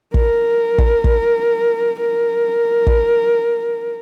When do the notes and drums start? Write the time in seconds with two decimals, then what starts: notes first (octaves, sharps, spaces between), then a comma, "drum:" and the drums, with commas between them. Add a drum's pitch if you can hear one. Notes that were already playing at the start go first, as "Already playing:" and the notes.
0.14 A#4, drum: kick
0.78 drum: kick
1.04 drum: kick
2.01 A#4
2.87 drum: kick